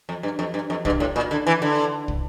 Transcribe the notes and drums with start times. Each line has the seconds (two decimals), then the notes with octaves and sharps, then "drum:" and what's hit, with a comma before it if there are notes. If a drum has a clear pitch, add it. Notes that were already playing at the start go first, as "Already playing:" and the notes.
0.09 F2
0.23 G2
0.39 F2
0.54 G2
0.70 F2
0.85 G2, drum: kick
1.00 A2
1.16 A#2
1.31 D3
1.47 E3
1.62 D3
2.08 drum: kick